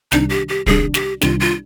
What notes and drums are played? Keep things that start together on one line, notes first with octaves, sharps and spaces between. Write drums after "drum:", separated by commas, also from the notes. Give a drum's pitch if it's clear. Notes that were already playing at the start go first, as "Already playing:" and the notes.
C2 C3 D#3 G3 D4 D#4, drum: snare
G4
G4
C2 C3 D#3 G3 D4 G#4, drum: kick
G4, drum: snare
C2 C3 D#3 G3 D4 F4, drum: snare
F4